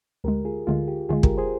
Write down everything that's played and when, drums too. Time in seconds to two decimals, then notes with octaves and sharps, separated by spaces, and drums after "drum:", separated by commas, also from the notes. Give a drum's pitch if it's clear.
0.24 D2 D3 G#3 G4 A#4
0.45 F4 G#4
0.67 D2 D3 G#3 F4
0.88 G4
1.09 D2 D3 G#3 F4 G#4
1.23 G4 A#4, drum: kick
1.38 G#4 C5